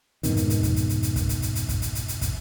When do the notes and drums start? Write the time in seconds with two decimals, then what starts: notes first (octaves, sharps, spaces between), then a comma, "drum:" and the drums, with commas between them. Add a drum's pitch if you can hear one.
0.23 F2 G#2 B2 D#3, drum: hi-hat
0.37 drum: hi-hat
0.50 drum: hi-hat
0.63 drum: kick, hi-hat
0.76 drum: hi-hat
0.89 drum: hi-hat
1.03 drum: hi-hat
1.16 drum: kick, hi-hat
1.29 drum: hi-hat
1.42 drum: hi-hat
1.55 drum: hi-hat
1.69 drum: kick, hi-hat
1.82 drum: hi-hat
1.95 drum: hi-hat
2.08 drum: hi-hat
2.21 drum: kick, hi-hat